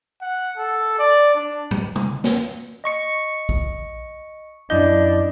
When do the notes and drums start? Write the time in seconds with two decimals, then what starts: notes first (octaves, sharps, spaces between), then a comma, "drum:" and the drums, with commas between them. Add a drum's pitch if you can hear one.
0.22 F#5
0.58 A4
0.99 D5
1.35 D4
1.71 drum: tom
1.96 drum: tom
2.24 drum: snare
2.84 D#5 C#6 C#7
3.49 drum: kick A#1
4.70 F#2 D4 E4 D#5 G6